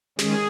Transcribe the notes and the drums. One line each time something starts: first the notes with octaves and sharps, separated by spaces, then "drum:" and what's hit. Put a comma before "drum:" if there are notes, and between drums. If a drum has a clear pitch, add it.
D#3 G#3 C#4 G#4, drum: snare